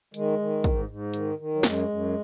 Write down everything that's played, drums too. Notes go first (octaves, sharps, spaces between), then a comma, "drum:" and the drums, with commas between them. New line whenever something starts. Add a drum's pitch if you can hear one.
D#3 G#3, drum: hi-hat
D#3
G#2, drum: kick, hi-hat
G#2
D#3, drum: hi-hat
D#3
F#3
F#2 G#3, drum: snare
F#2